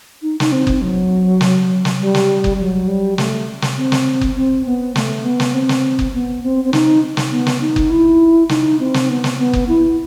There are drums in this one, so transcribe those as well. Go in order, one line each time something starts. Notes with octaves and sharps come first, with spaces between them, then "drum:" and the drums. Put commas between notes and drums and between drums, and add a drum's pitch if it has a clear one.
D#4
D#4, drum: snare
C4
drum: kick F#1
F#3
drum: snare
drum: snare
G3
drum: snare
drum: kick F#1
F#3
G3
A3, drum: snare
drum: snare
C4
drum: snare
drum: kick F#1
C4
B3
A3, drum: snare
B3
drum: snare
C4
drum: snare
drum: kick F#1
B3
C4
C4
D#4, drum: snare
drum: snare
B3
drum: snare
D#4
drum: kick F#1
E4
D#4, drum: snare
C4
drum: snare
B3
drum: snare
B3
drum: kick F#1
E4